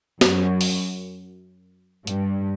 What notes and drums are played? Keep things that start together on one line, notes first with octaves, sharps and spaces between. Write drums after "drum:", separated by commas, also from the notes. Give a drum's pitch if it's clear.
F#2, drum: snare
drum: open hi-hat
G2, drum: hi-hat